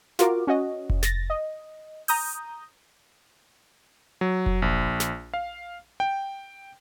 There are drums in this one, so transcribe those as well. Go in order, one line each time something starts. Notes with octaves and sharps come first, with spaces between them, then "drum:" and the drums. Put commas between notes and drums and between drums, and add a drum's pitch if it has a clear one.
F4 F#4 A#4 D6, drum: snare
C#4 F#4 D#5
drum: kick F1
A6 A#6, drum: snare
D#5
A#5 D#6 G6, drum: open hi-hat
F#3
drum: kick F1
A#1
drum: snare
F5
G5